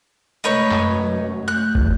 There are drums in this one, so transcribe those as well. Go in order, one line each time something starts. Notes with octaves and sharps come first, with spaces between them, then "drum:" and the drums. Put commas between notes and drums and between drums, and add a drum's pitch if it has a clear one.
C3 G#3 A3 D#4 B4 C#5
F#2, drum: clap
A3 F#6 G6
E2, drum: kick